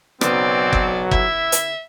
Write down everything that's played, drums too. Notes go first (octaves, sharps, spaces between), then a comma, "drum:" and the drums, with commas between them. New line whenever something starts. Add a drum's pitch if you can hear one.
B1 C#3 F#3 B3 C4 D5, drum: rim click
drum: kick
E4 E5, drum: kick
drum: hi-hat